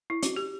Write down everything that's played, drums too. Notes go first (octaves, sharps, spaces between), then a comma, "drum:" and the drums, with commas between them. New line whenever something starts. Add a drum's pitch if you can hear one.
E4
F#4, drum: hi-hat
G4